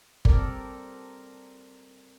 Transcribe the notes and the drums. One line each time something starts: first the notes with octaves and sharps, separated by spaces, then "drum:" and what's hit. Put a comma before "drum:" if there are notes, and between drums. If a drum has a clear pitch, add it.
G3 C4 A4 A#4 D5, drum: kick G1